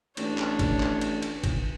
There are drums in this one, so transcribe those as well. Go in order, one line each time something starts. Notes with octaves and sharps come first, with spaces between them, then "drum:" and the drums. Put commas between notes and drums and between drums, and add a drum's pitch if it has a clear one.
A1 D4 C#5, drum: cymbal
drum: clap
drum: kick, cymbal
drum: clap
drum: cymbal
drum: cymbal
drum: kick, cymbal